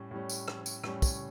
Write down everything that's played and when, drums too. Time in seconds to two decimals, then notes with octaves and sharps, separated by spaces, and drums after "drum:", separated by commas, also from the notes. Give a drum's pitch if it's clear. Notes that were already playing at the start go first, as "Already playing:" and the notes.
Already playing: A2 G3 C#4
0.11 A2 G3 C#4
0.29 drum: tambourine
0.48 drum: rim click
0.66 drum: tambourine
0.84 A2 G3 C#4, drum: rim click
1.02 drum: kick, tambourine